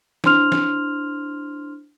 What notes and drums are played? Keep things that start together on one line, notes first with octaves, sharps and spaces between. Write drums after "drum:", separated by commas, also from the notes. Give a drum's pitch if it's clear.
D4 E4 C5 C6 F6 F7, drum: snare
drum: snare